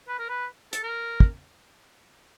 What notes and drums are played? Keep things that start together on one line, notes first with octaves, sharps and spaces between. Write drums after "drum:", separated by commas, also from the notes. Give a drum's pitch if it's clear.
B4
A#4
B4
A4, drum: hi-hat
A#4
drum: kick